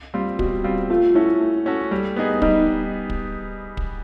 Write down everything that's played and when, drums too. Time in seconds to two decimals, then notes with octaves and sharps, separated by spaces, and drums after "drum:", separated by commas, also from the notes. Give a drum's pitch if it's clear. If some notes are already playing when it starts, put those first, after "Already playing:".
0.14 G3 C4 F4
0.39 B2 F#4, drum: kick
0.64 G3 C4 F4
0.90 A3 F4
1.15 C#4 E4 F#4 A4
1.40 A3
1.66 C#4 F#4 A4
1.91 G3
2.16 B3 D#4 G#4
2.42 G3 D#4, drum: kick
3.10 drum: kick
3.77 drum: kick